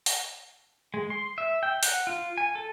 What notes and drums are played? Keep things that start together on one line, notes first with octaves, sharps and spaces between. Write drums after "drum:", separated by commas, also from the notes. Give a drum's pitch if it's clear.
drum: open hi-hat
G#3
C6
E5
G5
F#5, drum: open hi-hat
F4
G#5
A4